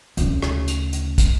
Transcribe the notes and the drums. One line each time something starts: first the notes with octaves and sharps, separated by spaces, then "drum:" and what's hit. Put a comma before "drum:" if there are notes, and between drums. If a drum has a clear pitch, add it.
D2 C#3, drum: hi-hat
drum: rim click
drum: hi-hat
drum: hi-hat
drum: kick, hi-hat